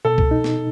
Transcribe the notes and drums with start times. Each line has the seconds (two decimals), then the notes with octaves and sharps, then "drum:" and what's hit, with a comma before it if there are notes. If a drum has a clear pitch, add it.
0.05 B2 A4
0.18 drum: kick C2
0.31 D#4
0.44 drum: snare